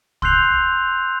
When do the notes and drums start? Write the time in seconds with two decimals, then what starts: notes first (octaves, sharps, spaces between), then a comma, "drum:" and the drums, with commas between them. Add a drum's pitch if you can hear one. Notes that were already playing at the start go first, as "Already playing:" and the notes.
0.22 C6 E6 F#6 G6 C7 F7, drum: kick